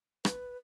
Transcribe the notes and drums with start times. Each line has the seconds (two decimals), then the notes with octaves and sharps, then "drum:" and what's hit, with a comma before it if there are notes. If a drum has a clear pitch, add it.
0.25 B4, drum: rim click